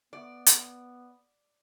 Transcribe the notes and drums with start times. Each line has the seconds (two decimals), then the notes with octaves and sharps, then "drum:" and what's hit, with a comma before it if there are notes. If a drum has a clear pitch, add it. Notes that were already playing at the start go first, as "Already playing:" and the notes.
0.13 B3 D5
0.46 drum: hi-hat